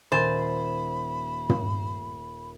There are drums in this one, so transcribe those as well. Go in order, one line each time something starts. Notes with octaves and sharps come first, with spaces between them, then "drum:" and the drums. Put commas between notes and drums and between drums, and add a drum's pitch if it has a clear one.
D#1 C5 G#5 B5 A6
drum: tom